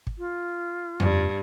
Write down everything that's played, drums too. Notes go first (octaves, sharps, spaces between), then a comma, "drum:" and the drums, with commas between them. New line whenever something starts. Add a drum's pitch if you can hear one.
drum: kick
F4
G2, drum: tom F2